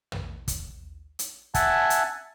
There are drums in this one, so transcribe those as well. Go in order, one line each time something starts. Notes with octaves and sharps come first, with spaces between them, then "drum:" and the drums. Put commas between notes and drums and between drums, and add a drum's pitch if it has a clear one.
drum: tom
drum: kick, hi-hat
drum: hi-hat
E5 F#5 G#5 A5, drum: kick, hi-hat
drum: hi-hat